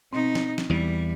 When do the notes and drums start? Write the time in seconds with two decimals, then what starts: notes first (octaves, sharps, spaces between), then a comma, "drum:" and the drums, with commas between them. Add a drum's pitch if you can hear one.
0.13 B2 C4 D#4
0.35 drum: snare
0.58 drum: snare
0.70 E2 E3 G3